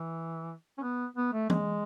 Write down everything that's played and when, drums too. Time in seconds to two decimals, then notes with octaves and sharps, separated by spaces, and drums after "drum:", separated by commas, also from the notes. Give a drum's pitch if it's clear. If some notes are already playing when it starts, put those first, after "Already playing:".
Already playing: E3
0.78 C#4
0.82 B3
1.16 B3
1.33 A3
1.50 G#3, drum: tom E3